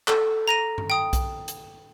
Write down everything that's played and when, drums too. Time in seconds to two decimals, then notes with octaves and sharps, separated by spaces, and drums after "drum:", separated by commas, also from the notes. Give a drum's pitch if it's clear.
0.08 A4, drum: clap
0.48 A#5 A#6 D#7
0.78 drum: tom
0.90 G5 D#6
1.13 drum: kick B1, hi-hat
1.48 drum: hi-hat